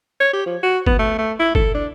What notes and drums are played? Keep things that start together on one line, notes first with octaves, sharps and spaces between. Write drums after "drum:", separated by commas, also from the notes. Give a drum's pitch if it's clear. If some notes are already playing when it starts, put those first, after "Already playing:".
C#5
G4
F3
F#4
B3, drum: kick
A3
A3
E4
A4, drum: kick
D4